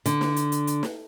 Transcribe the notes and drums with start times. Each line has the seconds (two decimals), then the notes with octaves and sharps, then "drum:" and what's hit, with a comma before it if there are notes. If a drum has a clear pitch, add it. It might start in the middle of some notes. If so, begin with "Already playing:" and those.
0.06 D3, drum: hi-hat
0.21 drum: snare
0.36 drum: hi-hat
0.52 drum: hi-hat
0.67 drum: hi-hat
0.83 drum: snare